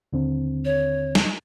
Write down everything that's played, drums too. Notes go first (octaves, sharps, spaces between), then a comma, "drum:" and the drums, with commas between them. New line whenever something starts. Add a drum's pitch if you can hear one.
D#2 D3 C4
C#5
drum: snare